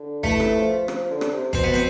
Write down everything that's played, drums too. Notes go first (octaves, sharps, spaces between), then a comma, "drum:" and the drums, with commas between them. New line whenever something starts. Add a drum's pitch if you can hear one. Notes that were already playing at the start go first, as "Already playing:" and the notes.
Already playing: D3
E3 A3, drum: kick G1
drum: rim click
F3
F3, drum: rim click
D3
drum: rim click
C3
B2 C4, drum: kick G1
B3
C4